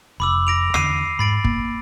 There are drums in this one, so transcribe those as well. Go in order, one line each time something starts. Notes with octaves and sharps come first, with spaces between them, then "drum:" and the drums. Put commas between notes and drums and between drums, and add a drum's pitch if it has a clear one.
F1 B5 D6 E6
A#6 D7 F7
E2 D3 C7 D#7, drum: rim click
G#2 B5 A6 D7
A#3, drum: kick G1